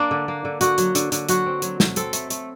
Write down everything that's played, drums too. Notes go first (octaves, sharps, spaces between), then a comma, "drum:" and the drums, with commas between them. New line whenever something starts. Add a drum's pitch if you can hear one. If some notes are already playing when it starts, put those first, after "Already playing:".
Already playing: A#3 D4
D3
A#3
D3
D3 F#4, drum: hi-hat
F#3, drum: hi-hat
D3, drum: hi-hat
D3, drum: hi-hat
F#3 F#4, drum: hi-hat
C4
F#3, drum: hi-hat
F#3, drum: snare
C4 A4, drum: hi-hat
A3, drum: hi-hat
A3, drum: hi-hat